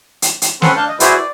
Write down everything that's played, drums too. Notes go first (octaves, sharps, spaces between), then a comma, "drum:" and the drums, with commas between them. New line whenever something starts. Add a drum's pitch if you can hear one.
drum: hi-hat
drum: hi-hat
C4 C#4 A4 B4 F#5 C6, drum: snare
D4 F5 A5 G6
D#5
E4 F#4 G#4 B4 C5 D5, drum: hi-hat
D5